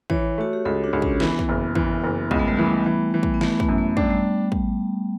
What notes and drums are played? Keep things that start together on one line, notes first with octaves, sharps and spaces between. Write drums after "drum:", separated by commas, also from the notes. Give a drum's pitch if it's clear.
E3 C#5, drum: kick
A3 F#4
G4
C#2 A4
D4
C#2
C#4, drum: kick
E3 B3, drum: snare
drum: kick
F#1
E3, drum: kick
F#1
C#2 B3, drum: kick
A3
G3
E3 A3
E3
E3
drum: kick
B3
E3 A3, drum: snare
A3, drum: kick
F#2
A3
G3 D4, drum: kick
G3
drum: kick